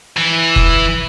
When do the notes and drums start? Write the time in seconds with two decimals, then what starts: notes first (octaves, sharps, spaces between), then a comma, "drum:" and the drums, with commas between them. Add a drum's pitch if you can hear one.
0.17 E3
0.56 drum: kick F1